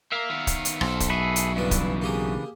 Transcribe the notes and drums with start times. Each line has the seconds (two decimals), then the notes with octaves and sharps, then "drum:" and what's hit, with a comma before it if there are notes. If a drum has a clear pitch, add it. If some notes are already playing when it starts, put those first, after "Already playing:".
0.12 A#3 A#4 E5 F5
0.29 D#3 B3
0.47 drum: kick, hi-hat
0.65 drum: hi-hat
0.81 B1 A4 C5, drum: rim click
1.00 drum: kick, hi-hat
1.10 F#3 G#4 A4 B4 E5
1.36 drum: hi-hat
1.56 G2 C#3 E3 F3 D4 B4
1.71 drum: kick, hi-hat
2.02 A#3 G4 G#4